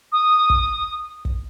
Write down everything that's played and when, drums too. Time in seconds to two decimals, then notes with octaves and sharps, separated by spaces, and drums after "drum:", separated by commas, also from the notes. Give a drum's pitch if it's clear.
0.12 D#6
0.50 drum: kick
1.25 drum: kick